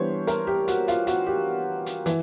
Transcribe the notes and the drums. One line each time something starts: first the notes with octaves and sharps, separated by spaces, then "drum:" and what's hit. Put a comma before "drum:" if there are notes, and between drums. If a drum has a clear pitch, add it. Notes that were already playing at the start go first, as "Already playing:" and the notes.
Already playing: E3 G3 B3 D4 C5 C#5
A#4, drum: hi-hat
G4
F#4, drum: hi-hat
F4, drum: hi-hat
F#4, drum: hi-hat
G4
drum: hi-hat
E3, drum: hi-hat